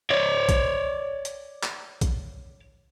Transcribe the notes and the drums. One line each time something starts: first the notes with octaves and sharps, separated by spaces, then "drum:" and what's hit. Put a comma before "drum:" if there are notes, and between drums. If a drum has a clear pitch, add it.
C#5 D5
drum: kick A#1, hi-hat
drum: hi-hat
drum: clap
drum: kick A#1, hi-hat